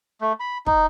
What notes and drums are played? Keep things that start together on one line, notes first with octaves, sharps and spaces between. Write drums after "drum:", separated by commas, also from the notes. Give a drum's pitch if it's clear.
A3
B5
D#4, drum: kick